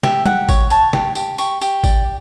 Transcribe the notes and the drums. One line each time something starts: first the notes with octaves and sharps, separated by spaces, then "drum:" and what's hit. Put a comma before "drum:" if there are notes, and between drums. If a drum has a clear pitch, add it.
G4 E5, drum: snare
G4 F#5, drum: tom G3
C#5, drum: kick G#1, tambourine
C#5 A5, drum: tambourine
G4, drum: snare
G4, drum: tambourine
G4 C#6, drum: tambourine
G4, drum: tambourine
D5, drum: kick G#1, tambourine